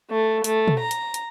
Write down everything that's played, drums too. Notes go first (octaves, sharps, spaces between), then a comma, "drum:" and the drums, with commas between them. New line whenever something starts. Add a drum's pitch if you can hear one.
A3
A3, drum: hi-hat
drum: tom
A#5
drum: hi-hat
drum: hi-hat